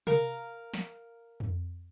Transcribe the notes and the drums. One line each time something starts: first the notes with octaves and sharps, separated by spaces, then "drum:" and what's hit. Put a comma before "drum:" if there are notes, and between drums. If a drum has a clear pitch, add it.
A#4 F5 A#5, drum: tom C3
drum: snare
drum: tom F2